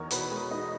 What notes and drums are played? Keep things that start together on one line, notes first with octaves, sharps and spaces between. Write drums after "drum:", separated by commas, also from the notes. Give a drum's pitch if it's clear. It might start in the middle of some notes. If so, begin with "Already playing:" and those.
Already playing: E2 D#4 A#4 C#5
B2 B4, drum: hi-hat
G#3
D#4